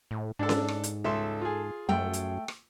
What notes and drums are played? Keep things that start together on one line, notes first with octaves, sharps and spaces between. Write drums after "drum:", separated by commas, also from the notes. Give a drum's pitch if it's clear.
A2
G#2 D4 A4
drum: snare
drum: rim click
drum: hi-hat
C#2 A4 E5 C6
F4 G#4
F#2 A3 G5
drum: hi-hat
drum: rim click